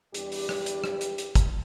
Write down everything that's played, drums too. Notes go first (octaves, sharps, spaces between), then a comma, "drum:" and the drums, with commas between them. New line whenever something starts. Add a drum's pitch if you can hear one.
E2 G3 D4 G4, drum: hi-hat
drum: open hi-hat
drum: rim click
drum: hi-hat
drum: rim click
drum: hi-hat
drum: hi-hat
drum: kick, hi-hat